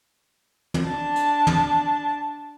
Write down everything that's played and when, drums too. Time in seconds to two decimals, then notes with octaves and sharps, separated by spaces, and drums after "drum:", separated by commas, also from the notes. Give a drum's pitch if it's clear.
0.74 drum: tom
0.87 D4 A5
1.16 drum: hi-hat
1.47 drum: tom